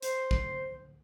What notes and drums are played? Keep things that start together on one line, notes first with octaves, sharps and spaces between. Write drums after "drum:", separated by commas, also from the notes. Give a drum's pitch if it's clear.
C5, drum: hi-hat
drum: kick